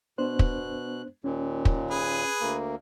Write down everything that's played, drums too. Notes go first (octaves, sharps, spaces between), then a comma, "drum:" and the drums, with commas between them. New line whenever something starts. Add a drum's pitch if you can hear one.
B2 B3 D4 C5 F#6
drum: kick
D#2 A#2 C#4
drum: kick
G#4 B4
D2 A#3